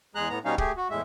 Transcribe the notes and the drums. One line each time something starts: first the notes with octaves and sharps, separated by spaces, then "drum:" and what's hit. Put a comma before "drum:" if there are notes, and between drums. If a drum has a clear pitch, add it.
E2 G#3 G#4 A#5 F#6
A2 B3 A#5
B2 G3 C#4 D#4 F5
A3 G4 G#4, drum: kick
F#4
E2 A2 G#3 E5